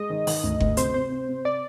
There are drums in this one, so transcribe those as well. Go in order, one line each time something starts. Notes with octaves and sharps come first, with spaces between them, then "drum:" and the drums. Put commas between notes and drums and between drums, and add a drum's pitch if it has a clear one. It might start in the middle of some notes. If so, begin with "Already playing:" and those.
Already playing: G#3 D#5
D#3
D#3, drum: open hi-hat
D2
D2, drum: kick F#1
C3 C5, drum: hi-hat
C3 C5
C4
C3
C3 D5